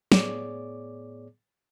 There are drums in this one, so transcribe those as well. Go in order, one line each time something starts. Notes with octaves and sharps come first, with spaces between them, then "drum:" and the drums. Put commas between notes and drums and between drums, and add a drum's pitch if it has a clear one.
A2 B3 G#4 C#5 D5 D6, drum: snare